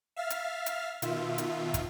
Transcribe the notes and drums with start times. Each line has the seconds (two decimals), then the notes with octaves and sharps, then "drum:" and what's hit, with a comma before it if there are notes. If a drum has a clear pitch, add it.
0.16 E5 F5 F6 A6 B6
0.30 drum: hi-hat
0.66 drum: hi-hat
1.02 B2 D#3 F4 E5, drum: hi-hat
1.38 drum: hi-hat
1.74 drum: kick, hi-hat